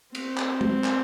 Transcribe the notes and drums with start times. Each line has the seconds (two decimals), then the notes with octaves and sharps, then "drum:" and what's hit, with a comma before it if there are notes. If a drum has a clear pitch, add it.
0.15 C4, drum: cymbal
0.38 drum: clap
0.61 drum: tom
0.84 drum: clap